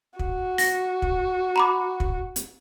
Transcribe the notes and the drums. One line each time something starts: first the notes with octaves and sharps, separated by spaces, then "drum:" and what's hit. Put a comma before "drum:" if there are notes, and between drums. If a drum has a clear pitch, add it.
F#4, drum: kick
A#6, drum: open hi-hat
drum: kick
A#5 B5 D6
drum: kick
drum: hi-hat